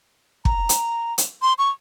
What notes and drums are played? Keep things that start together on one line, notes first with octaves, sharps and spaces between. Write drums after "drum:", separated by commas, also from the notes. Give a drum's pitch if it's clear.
A#5, drum: kick
drum: hi-hat
drum: hi-hat
C6
C#6